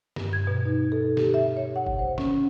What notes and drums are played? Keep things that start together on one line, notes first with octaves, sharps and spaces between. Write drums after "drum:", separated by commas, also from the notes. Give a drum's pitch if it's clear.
G2, drum: snare
G#6
B2
D#4
A4
G4, drum: snare
E5
C#5
F#5
drum: kick G1
C5
C#4, drum: snare